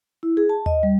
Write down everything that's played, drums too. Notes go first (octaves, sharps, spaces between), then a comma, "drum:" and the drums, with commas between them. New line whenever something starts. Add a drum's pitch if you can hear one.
E4
G#4
A5
D#5, drum: tom D#2
G3